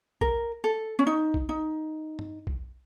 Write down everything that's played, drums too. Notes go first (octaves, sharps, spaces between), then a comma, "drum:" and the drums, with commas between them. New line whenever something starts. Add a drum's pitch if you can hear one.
A#4, drum: kick B1
A4
C#4
D#4
drum: kick B1
D#4
drum: tom G2
drum: kick B1